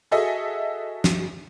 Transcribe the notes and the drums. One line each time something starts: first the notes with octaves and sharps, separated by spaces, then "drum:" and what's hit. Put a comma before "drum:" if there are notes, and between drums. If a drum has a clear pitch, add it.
F#4 G#4 A4 D#5 E5
drum: snare